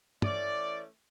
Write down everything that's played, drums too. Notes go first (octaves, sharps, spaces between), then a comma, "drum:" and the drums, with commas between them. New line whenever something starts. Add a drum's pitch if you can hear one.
E3 A3 C#4 D5, drum: tom